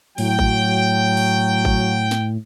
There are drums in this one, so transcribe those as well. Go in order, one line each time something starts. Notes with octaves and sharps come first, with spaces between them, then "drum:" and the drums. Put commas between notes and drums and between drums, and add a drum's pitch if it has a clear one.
A2 F#3 G5, drum: open hi-hat
drum: kick G#1
drum: open hi-hat
drum: kick G#1
drum: snare